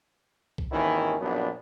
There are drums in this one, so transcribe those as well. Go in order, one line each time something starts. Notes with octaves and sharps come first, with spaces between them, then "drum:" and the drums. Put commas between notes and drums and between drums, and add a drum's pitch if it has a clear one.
drum: kick C2
G#1 D#2 D#3 E3 C#4 E4
A#1 F#2 F#3 B3 D4 D#4